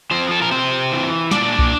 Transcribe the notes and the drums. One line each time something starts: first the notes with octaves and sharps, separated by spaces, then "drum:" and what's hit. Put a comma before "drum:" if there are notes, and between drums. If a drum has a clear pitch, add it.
F3 C4 C5
A4
A#4
C3 C4 C5
E3
A#2 D4 D5, drum: snare
drum: kick